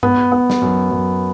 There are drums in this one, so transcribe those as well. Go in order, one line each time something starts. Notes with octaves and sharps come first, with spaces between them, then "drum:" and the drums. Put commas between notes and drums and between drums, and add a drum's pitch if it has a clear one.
B3, drum: tom G2
B3
drum: snare
F#2
F#2